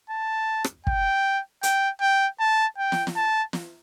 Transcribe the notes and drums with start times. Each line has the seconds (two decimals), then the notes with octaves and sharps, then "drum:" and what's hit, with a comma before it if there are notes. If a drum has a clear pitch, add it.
0.10 A5
0.64 drum: rim click
0.87 G5, drum: kick
1.63 G5, drum: hi-hat
2.01 G5
2.40 A5
2.78 G5
2.92 drum: snare
3.07 drum: snare
3.16 A5
3.53 drum: snare